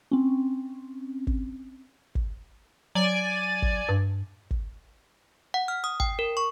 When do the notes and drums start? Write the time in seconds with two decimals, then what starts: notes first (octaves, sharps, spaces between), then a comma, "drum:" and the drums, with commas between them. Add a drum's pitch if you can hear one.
0.11 C4 C#4
1.27 drum: kick
2.15 drum: kick
2.95 F#3 D5 G#5
3.62 drum: kick
3.89 G2
4.51 drum: kick
5.54 F#5
5.68 F6
5.84 D#6
6.00 G5, drum: kick
6.19 A#4
6.37 C#6